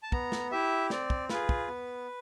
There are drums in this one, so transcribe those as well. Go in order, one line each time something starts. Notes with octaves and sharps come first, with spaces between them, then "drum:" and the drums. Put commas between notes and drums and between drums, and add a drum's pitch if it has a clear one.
A5
B3 A#5, drum: kick
drum: snare
E4 G4 E5
C4 D5, drum: snare
drum: kick
F4 G#4 B4, drum: snare
drum: kick
B3